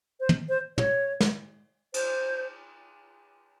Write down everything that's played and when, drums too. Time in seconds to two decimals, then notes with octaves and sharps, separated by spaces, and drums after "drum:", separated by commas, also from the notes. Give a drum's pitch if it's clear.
0.20 C5
0.29 drum: tom
0.49 C5
0.78 C#5, drum: tom
1.20 drum: snare
1.94 C5, drum: cymbal